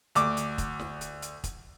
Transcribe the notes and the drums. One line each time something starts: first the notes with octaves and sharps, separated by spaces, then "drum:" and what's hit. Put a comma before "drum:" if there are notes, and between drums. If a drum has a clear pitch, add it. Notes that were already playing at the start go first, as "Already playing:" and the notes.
D2 D6, drum: hi-hat
drum: hi-hat
drum: kick, hi-hat
drum: snare
drum: hi-hat
drum: hi-hat
drum: kick, hi-hat